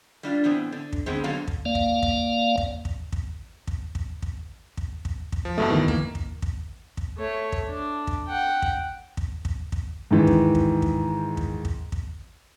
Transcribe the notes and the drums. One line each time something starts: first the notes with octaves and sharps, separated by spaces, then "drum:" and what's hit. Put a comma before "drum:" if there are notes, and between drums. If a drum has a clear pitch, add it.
G3 D4 F4
A2 E3 B3 C4
D3
drum: kick
D3 G#3 B3 C4
B2 D3 F#3 F5 A#5
drum: kick
A#3 D5 F5
drum: kick
drum: kick
drum: kick
drum: kick
drum: kick
drum: kick
drum: kick
drum: kick
drum: kick
drum: kick
drum: kick
F3
E2 G2 B2 A3
D2 D#3 E3
A#3, drum: kick
drum: kick
drum: kick
drum: kick
A3 C#5
drum: kick
D4
drum: kick
F#5 G5
drum: kick
drum: kick
drum: kick
drum: kick
G#2 D#3 E3
drum: kick
drum: kick
drum: kick
drum: kick
drum: kick
drum: kick